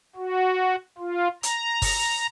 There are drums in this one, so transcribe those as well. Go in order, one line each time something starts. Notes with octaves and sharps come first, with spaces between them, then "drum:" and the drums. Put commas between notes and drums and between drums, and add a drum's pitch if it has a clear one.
F#4
F4
A#5, drum: hi-hat
drum: kick, open hi-hat